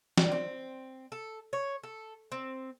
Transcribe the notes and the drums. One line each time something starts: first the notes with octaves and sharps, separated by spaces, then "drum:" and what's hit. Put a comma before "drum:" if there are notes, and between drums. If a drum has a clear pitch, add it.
G3, drum: snare
C4
A4
C#5
A4
C4